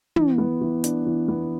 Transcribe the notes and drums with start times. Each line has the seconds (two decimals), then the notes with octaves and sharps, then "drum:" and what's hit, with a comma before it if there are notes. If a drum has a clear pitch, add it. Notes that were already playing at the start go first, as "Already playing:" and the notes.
0.16 E3, drum: tom
0.38 B3
0.61 E3
0.84 D4, drum: hi-hat
1.06 E3
1.28 B3